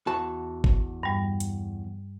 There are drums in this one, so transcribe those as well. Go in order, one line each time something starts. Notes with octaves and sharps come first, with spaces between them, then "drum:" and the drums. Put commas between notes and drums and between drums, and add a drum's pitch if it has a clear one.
E2 F#4 A5
drum: kick G1
G2 G3
drum: hi-hat